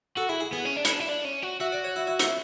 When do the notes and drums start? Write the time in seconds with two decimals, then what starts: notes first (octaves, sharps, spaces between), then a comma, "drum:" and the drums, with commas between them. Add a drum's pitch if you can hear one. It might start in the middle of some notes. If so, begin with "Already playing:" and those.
0.17 F#4 A4
0.29 E4 G#4
0.40 G#4
0.52 B3 G#4
0.65 C#4
0.76 D4
0.85 E4, drum: hi-hat
0.93 D4
1.00 E4
1.09 D4
1.25 C#4
1.42 F#4
1.60 F#4 E5
1.72 D5
1.84 C#5
1.96 E4
2.07 E4
2.19 E4, drum: hi-hat